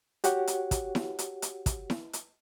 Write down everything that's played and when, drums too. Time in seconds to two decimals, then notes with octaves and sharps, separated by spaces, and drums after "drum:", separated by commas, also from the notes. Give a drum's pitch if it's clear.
0.24 F#4 G4 C#5 F#5, drum: hi-hat
0.47 drum: hi-hat
0.71 drum: kick, hi-hat
0.95 drum: snare E4
1.19 drum: hi-hat
1.42 drum: hi-hat
1.66 drum: kick, hi-hat
1.90 drum: snare E4
2.13 drum: hi-hat